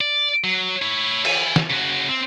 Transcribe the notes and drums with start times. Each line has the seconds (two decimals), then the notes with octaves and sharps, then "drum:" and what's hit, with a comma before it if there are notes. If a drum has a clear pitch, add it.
0.01 D5
0.44 F#3
0.82 E4 C#5
1.25 E5 G#5, drum: cymbal
1.56 drum: snare
1.70 C#3 F#4
2.09 C4